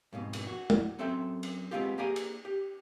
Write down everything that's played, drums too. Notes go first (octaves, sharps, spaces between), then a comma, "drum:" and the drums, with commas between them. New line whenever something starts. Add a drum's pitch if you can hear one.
F2 G#2 B2
drum: cymbal
F#4
drum: tom
F#2 C4 A4 E5 G5
drum: cymbal
G#3 A3 B3 C4 F4 G4
A#3 G4 G#4 D5 G#5 A#5
drum: cymbal
G4